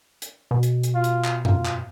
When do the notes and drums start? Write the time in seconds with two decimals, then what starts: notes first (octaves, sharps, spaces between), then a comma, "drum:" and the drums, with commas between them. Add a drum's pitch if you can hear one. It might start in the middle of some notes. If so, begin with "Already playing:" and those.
0.22 drum: hi-hat
0.51 B2
0.63 drum: hi-hat
0.83 drum: hi-hat
0.95 F4
1.04 drum: hi-hat
1.24 drum: clap
1.45 F4, drum: tom F2
1.65 drum: clap